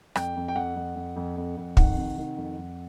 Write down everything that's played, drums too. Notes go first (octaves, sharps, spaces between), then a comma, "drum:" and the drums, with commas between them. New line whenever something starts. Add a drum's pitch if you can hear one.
F2 G5, drum: rim click
F2
G5
F2 F#5
F2
F2
F2
F2
F2
D#3 F#5, drum: kick
C3
D#3
F2
F2